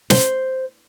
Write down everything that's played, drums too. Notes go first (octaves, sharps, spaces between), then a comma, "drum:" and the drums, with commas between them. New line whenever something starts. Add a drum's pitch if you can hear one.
C5, drum: snare